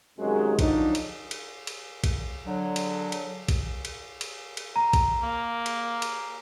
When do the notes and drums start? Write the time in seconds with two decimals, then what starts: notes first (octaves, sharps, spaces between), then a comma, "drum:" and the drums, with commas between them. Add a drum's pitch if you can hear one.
0.19 F#2 C3 D#3 F3 F#3 G#3
0.59 D3 F3 F#3 D4 D#4, drum: kick A#1, cymbal
0.95 drum: cymbal
1.31 drum: cymbal
1.67 drum: cymbal
2.04 drum: kick A#1, cymbal
2.46 D3 F#3
2.76 drum: cymbal
3.12 drum: cymbal
3.48 drum: kick A#1, cymbal
3.85 drum: cymbal
4.21 drum: cymbal
4.57 drum: cymbal
4.76 A#5
4.93 drum: kick A#1, cymbal
5.22 A#3
5.66 drum: cymbal
6.02 drum: cymbal